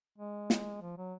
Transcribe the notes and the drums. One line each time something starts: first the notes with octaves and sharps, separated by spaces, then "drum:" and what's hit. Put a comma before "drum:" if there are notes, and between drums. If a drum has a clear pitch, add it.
G#3
drum: snare
F3
F#3